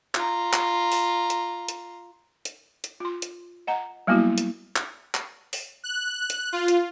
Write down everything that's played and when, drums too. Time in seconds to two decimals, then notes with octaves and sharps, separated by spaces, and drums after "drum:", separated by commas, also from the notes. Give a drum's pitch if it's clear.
0.15 F4 A#5, drum: clap
0.53 drum: clap
0.92 drum: open hi-hat
1.30 drum: hi-hat
1.69 drum: hi-hat
2.45 drum: hi-hat
2.84 drum: hi-hat
3.00 F4 C6
3.22 drum: hi-hat
3.67 D#5 F#5 A#5
4.07 F#3 G3 A#3 B3 E4 F#4
4.38 drum: hi-hat
4.76 drum: clap
5.14 drum: clap
5.53 drum: open hi-hat
5.84 F#6
6.30 drum: hi-hat
6.53 F4
6.68 drum: hi-hat